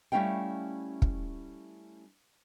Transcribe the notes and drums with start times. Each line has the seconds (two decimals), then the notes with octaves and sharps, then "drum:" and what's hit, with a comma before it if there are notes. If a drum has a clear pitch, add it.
0.12 G3 A3 C#4 E4 F5 G5
1.02 drum: kick